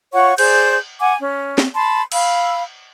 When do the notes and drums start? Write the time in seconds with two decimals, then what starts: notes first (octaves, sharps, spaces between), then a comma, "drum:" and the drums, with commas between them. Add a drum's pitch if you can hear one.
0.13 F4 C#5 F#5 C#6
0.38 G#4 C5 D5 G6, drum: cymbal
1.00 F#5 G#5 D6
1.19 C#4
1.58 drum: snare
1.75 A5 B5 C6
2.12 F5 B5 E6, drum: cymbal